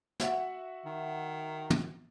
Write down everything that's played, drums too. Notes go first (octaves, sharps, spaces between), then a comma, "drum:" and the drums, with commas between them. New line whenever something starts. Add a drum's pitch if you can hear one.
F#4 E5 F#5, drum: snare
D#3
drum: tom